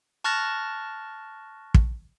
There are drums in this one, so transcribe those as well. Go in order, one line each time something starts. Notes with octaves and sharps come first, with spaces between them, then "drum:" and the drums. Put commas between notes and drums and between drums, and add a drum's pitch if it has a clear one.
A5 C#6 F6 F#6 A6 A#6
drum: kick